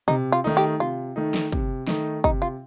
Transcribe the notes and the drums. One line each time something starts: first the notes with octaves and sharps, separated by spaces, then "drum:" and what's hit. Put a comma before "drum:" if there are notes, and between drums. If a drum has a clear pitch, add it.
C3 D#4, drum: tom
F4
D#3 A3 D#4
G4
C3 F4
D#3 A3 D#4
drum: snare
C3, drum: kick
D#3 A3 D#4, drum: snare
C3 D#4, drum: kick
F4